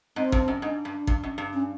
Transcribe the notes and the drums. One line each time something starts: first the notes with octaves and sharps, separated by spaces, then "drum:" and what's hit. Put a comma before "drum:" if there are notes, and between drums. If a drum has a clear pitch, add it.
G#2 C4
G2, drum: kick
F#2
G#2 D4
G2
G2, drum: kick
F#2
G2
C#4